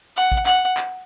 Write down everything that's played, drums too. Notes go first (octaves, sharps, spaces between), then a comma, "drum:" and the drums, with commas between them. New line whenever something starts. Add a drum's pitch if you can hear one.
F#5
drum: kick
F#5, drum: clap
drum: clap